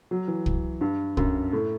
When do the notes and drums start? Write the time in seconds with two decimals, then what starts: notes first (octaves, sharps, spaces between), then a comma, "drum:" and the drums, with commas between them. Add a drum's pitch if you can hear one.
0.11 F#3
0.28 E3
0.46 drum: kick
0.81 G2
1.17 F#2, drum: kick
1.53 A2